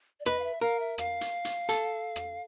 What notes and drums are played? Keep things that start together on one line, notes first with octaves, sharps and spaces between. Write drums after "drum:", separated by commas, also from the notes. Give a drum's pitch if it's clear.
D5
B4 D#5, drum: rim click
F5
E5
A#4 F5
E5
F5, drum: rim click
drum: hi-hat
drum: hi-hat
A4, drum: hi-hat
drum: rim click